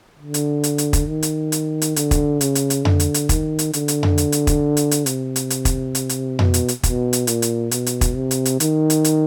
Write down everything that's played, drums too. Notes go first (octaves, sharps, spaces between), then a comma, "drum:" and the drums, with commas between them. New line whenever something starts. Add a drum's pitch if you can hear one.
D3
drum: hi-hat
drum: hi-hat
drum: hi-hat
drum: kick, hi-hat
D#3
drum: hi-hat
drum: hi-hat
drum: hi-hat
D3, drum: hi-hat
drum: kick, hi-hat
C#3, drum: hi-hat
drum: hi-hat
drum: hi-hat
D3, drum: tom F2
drum: hi-hat
drum: hi-hat
D#3, drum: kick, hi-hat
drum: hi-hat
D3, drum: hi-hat
drum: hi-hat
drum: tom F2
drum: hi-hat
drum: hi-hat
drum: kick, hi-hat
drum: hi-hat
drum: hi-hat
C3, drum: hi-hat
drum: hi-hat
drum: hi-hat
drum: kick, hi-hat
drum: hi-hat
drum: hi-hat
B2, drum: tom F2
drum: hi-hat
drum: hi-hat
B2, drum: kick, hi-hat
drum: hi-hat
A#2, drum: hi-hat
drum: hi-hat
B2, drum: hi-hat
drum: hi-hat
drum: kick, hi-hat
C3
drum: hi-hat
drum: hi-hat
D#3, drum: hi-hat
drum: hi-hat
drum: hi-hat